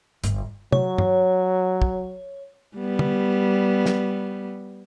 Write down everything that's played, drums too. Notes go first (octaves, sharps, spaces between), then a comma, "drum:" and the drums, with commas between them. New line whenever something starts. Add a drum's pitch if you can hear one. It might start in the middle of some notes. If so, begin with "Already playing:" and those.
G1, drum: hi-hat
F#3 C#5, drum: tom
drum: tom
drum: kick
G3 B3
drum: tom
drum: snare